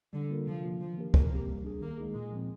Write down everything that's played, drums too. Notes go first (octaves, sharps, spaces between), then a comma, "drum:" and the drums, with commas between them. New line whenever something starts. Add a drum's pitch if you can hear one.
D3 G3
A#3 F4 A#4
C3 F3
F3 A#3 F4
D#3 F3
A#3 D4 G4 A#4
C3 A#3, drum: kick
F3 C4 G4
G3
D4 G#4
D#3 A#3
G#3 D#4 G#4
A#2 G#3
F3 C4